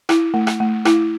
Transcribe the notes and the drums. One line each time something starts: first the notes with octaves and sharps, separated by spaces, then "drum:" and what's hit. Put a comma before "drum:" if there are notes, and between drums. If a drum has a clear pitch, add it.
E4, drum: rim click
A3
drum: rim click
A3
E4, drum: rim click